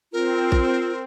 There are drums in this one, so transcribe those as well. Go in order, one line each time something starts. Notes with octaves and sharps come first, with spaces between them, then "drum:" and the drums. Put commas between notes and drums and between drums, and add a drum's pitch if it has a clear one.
C4 F4 A#4
drum: kick A#1